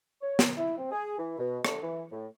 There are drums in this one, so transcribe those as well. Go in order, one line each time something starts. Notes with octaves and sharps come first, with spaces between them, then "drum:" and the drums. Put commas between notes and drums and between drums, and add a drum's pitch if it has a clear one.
C#5
drum: snare
E4
C4
G#4
E3
B2
D3, drum: rim click
E3
A2